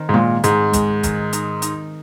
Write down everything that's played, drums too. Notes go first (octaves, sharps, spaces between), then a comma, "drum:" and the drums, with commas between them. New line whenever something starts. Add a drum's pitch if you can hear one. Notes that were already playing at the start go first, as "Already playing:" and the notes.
Already playing: D#3 C4
G#2
A#2 G#3
G#2 G#3, drum: hi-hat
G#3, drum: kick, hi-hat
D#3, drum: kick, hi-hat
D#4, drum: hi-hat
D#4, drum: hi-hat